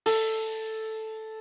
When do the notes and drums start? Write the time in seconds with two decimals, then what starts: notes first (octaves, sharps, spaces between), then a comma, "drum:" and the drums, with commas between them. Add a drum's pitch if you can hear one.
0.06 A4, drum: open hi-hat